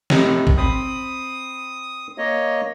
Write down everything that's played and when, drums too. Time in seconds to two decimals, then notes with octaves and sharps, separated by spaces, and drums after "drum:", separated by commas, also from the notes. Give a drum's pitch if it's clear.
0.10 A2 C3 D#3, drum: snare
0.47 drum: kick A1
0.58 C4 B5 D#6
2.18 A#3 C#5 D#5